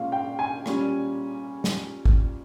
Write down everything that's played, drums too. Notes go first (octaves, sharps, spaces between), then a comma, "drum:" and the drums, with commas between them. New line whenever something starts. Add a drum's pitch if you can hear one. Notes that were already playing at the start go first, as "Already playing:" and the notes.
Already playing: A#2 G#3 C#4 F5
G5
G#5
A#2 G3 C#4, drum: rim click
drum: snare
drum: kick G#1